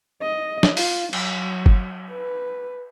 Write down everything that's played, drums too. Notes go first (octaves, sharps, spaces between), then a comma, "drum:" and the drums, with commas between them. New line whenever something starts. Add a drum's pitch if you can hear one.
D#5
drum: snare
F4, drum: open hi-hat
F#3, drum: cymbal
drum: kick G1
B4